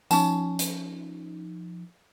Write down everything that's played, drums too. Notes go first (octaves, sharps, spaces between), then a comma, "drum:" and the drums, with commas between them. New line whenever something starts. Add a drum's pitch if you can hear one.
F3 C#4 D#4 A5, drum: tambourine
drum: hi-hat